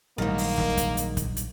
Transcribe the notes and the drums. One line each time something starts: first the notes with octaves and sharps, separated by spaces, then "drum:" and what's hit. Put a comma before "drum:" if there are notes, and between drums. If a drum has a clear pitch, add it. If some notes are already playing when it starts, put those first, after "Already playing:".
A#1 G#2 D#3 F#3 G3 A#3
drum: open hi-hat
drum: snare
drum: kick, hi-hat
drum: hi-hat
drum: kick, hi-hat
drum: hi-hat